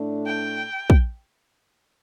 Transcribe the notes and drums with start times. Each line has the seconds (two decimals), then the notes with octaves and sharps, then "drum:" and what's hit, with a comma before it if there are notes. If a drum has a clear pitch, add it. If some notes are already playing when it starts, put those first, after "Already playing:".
Already playing: A2 A3 D4
0.27 G5
0.90 drum: kick